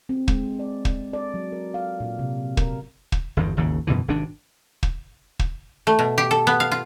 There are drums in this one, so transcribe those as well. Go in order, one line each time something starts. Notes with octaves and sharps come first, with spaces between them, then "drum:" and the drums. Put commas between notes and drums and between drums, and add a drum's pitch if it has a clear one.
C4
G#3, drum: kick
D5
drum: kick
D5
F#3
A#4
F5
A#2
C3
A#4, drum: kick
drum: kick
G1 E2 G2
G#1 D#2 A2 C#3
F#2 B2 D3 E3
G#1 C3 D4
drum: kick
drum: kick
A3
B2
G4
A4
B3
F5
F4